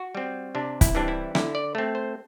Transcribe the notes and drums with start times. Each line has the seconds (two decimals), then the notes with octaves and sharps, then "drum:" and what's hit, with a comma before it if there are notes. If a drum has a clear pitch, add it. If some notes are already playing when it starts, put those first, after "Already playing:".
Already playing: F#4
0.15 G3 C4
0.55 C3 D4
0.81 E4, drum: kick, hi-hat
0.95 E3 G3 C4 D4
1.08 E4
1.35 D3 E4, drum: rim click
1.55 D5
1.75 A3 C4
1.95 C5